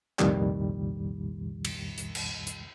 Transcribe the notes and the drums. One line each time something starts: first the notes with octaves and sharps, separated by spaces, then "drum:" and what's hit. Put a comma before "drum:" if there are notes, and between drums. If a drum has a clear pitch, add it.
C2 F2 A#2 D#3 G3, drum: clap
drum: cymbal
drum: hi-hat
drum: cymbal
drum: hi-hat